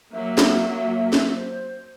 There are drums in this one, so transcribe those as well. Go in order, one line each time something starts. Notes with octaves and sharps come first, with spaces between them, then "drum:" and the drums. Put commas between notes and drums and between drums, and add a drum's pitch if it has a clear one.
F#3 A#3 E5
drum: snare
drum: snare
C5